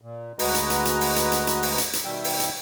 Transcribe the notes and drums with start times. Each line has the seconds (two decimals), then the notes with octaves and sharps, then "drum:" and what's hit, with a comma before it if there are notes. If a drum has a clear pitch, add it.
0.02 A#2
0.39 D2 G#3 F#4 B4 D#5 A#5, drum: open hi-hat
0.54 drum: hi-hat
0.70 drum: hi-hat
0.85 drum: hi-hat
1.01 drum: open hi-hat
1.16 drum: hi-hat
1.32 drum: hi-hat
1.47 drum: hi-hat
1.63 drum: open hi-hat
1.78 drum: hi-hat
1.93 drum: hi-hat
2.05 B2 D#3 G3 E5 G5
2.24 drum: open hi-hat
2.40 drum: hi-hat